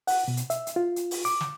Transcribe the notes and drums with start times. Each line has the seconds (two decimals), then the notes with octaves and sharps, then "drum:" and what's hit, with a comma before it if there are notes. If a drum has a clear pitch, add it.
0.07 F#5, drum: open hi-hat
0.28 B2
0.37 drum: hi-hat
0.50 E5, drum: hi-hat
0.67 drum: hi-hat
0.76 F4
0.96 drum: hi-hat
1.11 drum: open hi-hat
1.25 D6, drum: hi-hat
1.41 drum: snare